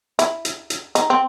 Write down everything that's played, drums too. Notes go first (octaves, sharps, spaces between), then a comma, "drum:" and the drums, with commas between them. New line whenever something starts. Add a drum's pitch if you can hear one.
E4, drum: hi-hat
drum: hi-hat
drum: hi-hat
D#4, drum: hi-hat
C4